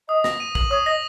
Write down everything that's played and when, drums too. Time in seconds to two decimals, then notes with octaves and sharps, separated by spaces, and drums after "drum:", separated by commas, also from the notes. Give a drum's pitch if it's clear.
0.08 D#5 D#6
0.24 A#6, drum: snare
0.40 D#7
0.55 F#7, drum: kick
0.70 C#5 D#6
0.86 D#5 A#6